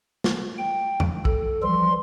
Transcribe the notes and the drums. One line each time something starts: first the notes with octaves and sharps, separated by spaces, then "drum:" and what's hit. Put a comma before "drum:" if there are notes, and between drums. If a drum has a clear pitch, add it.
drum: snare
G5
drum: tom E2
A4, drum: kick
E3 F3 G3 C6